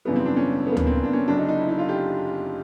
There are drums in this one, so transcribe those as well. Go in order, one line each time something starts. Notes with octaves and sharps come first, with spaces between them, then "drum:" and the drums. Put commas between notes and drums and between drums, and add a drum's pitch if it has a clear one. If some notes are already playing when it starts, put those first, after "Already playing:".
G#1 F#2 C#3 E3 G3 B3
C4
D4
C#4
B3
A#3
B3, drum: tom D2
C4
D4
C#4
F#1 F#2 D3 F#3 D4
D#4
D#4
E4
D#4
F4
G4